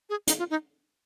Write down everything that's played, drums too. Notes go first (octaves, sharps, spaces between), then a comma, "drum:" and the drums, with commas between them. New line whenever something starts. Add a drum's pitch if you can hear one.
G#4
D#4, drum: hi-hat
F4
D#4